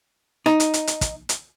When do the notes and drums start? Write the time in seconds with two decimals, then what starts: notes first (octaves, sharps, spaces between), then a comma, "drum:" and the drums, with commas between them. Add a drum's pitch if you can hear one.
0.46 D#4, drum: rim click
0.60 drum: hi-hat
0.74 drum: hi-hat
0.87 drum: hi-hat
1.01 drum: kick, hi-hat
1.29 drum: hi-hat